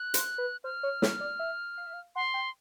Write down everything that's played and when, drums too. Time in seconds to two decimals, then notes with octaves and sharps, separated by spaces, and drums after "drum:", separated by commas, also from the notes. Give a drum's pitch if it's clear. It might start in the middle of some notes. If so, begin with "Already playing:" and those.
Already playing: F#6
0.14 C5, drum: hi-hat
0.38 B4
0.64 C5 F6
0.83 C#5
1.02 C#5, drum: snare
1.20 D5
1.39 E5
1.77 F5
1.86 E5
1.93 F5
2.16 F#5 C6
2.34 G5